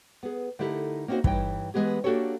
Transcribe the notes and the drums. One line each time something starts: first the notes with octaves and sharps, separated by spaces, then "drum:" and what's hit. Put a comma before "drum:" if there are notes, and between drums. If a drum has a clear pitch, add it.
B3 G#4
D3 A3 D#4 E4 G4 A#4
A#3 C4 C#4 D#4 F#4 C5
G2 E3 D#4 C#5 G5, drum: kick
E3 G#3 B3 G4 G#4
A#3 D4 F#4 G4 A4 C#5